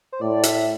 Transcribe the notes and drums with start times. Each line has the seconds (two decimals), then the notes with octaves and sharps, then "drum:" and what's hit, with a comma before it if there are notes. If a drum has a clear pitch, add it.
0.12 C5
0.21 A2 D5
0.43 E5, drum: hi-hat